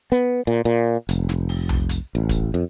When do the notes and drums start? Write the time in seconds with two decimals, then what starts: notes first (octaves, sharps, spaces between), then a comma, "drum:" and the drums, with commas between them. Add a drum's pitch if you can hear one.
0.12 B3
0.47 A#2
0.65 A#2
1.09 F1, drum: hi-hat
1.29 drum: snare
1.49 drum: open hi-hat
1.69 drum: tom B1
1.89 drum: hi-hat
2.15 A1
2.29 drum: kick, hi-hat
2.54 F2